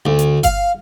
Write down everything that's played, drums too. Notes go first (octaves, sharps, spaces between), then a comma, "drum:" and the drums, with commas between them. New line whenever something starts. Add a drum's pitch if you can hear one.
D2
drum: hi-hat
F5, drum: kick G1, hi-hat